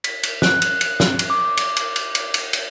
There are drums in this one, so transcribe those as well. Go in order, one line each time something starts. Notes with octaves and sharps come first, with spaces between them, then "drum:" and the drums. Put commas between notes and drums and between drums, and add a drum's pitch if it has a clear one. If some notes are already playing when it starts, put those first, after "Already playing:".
B6, drum: cymbal
drum: cymbal
F#6, drum: snare
drum: cymbal
drum: cymbal
drum: snare
drum: cymbal
D6
drum: cymbal
drum: cymbal
drum: cymbal
drum: cymbal
drum: cymbal
drum: cymbal